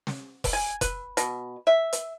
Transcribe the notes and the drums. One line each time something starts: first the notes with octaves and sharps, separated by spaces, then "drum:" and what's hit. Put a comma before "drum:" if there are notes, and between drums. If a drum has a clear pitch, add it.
drum: snare
drum: kick F1, open hi-hat
G#5
B4, drum: kick F1, hi-hat
B2, drum: hi-hat
E5
drum: hi-hat